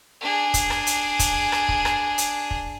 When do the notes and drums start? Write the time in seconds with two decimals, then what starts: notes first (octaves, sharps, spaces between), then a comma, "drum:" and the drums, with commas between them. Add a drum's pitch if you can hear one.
0.21 D4 G#4
0.54 drum: kick, hi-hat
0.70 drum: rim click
0.87 drum: hi-hat
1.19 drum: kick, hi-hat
1.52 drum: rim click
1.69 drum: kick
1.85 drum: rim click
2.18 drum: hi-hat
2.51 drum: kick